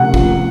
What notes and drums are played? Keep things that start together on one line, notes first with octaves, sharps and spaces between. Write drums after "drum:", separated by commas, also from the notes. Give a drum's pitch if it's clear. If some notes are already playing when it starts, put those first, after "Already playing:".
Already playing: C3 A3 C4 F#5
F3, drum: kick